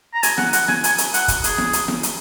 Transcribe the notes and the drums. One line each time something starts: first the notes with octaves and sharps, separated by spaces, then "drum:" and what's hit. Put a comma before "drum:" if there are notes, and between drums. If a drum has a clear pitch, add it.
A#5
G#5, drum: hi-hat
F#5, drum: snare
F#5, drum: hi-hat
G#5, drum: snare
G#5, drum: hi-hat
drum: hi-hat
F#5, drum: hi-hat
drum: kick, hi-hat
G#4, drum: hi-hat
drum: snare
drum: hi-hat
drum: snare
drum: hi-hat